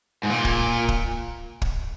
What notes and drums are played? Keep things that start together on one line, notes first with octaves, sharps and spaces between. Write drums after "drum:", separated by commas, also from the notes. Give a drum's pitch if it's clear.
G#2
A#2
drum: kick
drum: kick
drum: kick